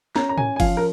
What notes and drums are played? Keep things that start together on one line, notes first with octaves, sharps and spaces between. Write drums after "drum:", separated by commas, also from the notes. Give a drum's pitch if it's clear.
C#4 A#5, drum: snare
A#5
G#5, drum: tom
G#5
F3 F5, drum: kick G1, cymbal
A#4